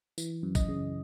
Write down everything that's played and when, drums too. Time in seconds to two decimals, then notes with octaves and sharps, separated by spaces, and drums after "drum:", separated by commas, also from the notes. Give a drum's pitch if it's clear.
0.18 E3, drum: tambourine
0.43 F#2
0.55 D#5, drum: kick A1, tambourine
0.68 C#3